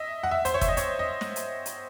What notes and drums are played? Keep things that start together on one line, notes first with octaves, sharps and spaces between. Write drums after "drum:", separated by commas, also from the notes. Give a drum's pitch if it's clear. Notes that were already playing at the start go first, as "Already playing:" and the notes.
Already playing: D#5 E5
F#5
E5
C5, drum: hi-hat
C#5
E5, drum: kick, hi-hat
D#5
C#5, drum: hi-hat
D#5
drum: snare
drum: hi-hat
drum: hi-hat